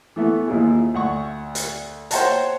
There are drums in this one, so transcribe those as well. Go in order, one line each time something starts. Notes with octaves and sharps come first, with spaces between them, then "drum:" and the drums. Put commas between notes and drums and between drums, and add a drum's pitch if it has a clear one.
E3 A3 B3
D#2 A#2 F3 E4 G#4
D2 F#5 C#6
drum: hi-hat
C5 C#5 F#5 G5 A5 A#5, drum: hi-hat